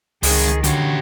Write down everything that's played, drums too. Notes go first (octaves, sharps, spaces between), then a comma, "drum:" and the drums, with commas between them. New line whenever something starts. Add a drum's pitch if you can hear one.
C#2 D#3 G#3 C4 G#4, drum: open hi-hat
D3 C#4 F#4 G4, drum: hi-hat